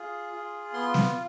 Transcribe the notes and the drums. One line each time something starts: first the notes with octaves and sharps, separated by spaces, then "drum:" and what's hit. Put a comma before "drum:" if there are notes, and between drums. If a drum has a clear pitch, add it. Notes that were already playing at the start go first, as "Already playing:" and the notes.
Already playing: F4 G#4
F4
B3 C6
drum: snare